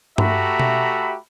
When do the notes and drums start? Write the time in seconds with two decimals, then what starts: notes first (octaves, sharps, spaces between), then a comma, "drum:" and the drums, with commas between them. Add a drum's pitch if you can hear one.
0.18 A3 F#4 G4 E5 A#5 B5, drum: tom G2
0.59 drum: tom B2